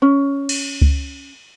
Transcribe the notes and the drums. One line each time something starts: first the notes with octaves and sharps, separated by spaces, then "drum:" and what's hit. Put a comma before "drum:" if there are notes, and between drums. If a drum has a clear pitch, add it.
C#4
drum: cymbal
drum: kick C#2